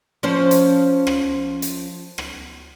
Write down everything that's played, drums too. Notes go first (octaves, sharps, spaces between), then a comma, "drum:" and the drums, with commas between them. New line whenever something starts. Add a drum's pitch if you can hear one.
F3 C#4 C5
drum: hi-hat
drum: rim click
drum: hi-hat
drum: rim click